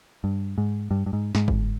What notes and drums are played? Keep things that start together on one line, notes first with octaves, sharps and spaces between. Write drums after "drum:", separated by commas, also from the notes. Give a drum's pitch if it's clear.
G2
G#2
G2
G2
G#2
G#2, drum: snare
drum: kick